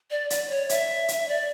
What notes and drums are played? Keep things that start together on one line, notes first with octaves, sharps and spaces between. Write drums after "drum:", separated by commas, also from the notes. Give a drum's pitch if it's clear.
D5
D5, drum: hi-hat
C#5
E5, drum: hi-hat
drum: hi-hat
D5